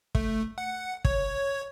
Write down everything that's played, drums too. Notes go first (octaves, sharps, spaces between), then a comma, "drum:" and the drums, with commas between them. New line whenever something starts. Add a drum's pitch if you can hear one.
A3, drum: kick
F#5
C#5, drum: kick